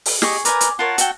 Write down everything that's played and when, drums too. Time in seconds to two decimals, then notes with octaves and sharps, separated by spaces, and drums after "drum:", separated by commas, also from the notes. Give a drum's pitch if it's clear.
0.06 drum: open hi-hat
0.22 G4 G#4 D#5 C#6, drum: snare
0.45 A#4 B4 D5 G#5 A#5, drum: hi-hat
0.61 drum: hi-hat
0.79 F4 A#4 C#5 F#5 A5
0.98 F#4 E5 G5, drum: hi-hat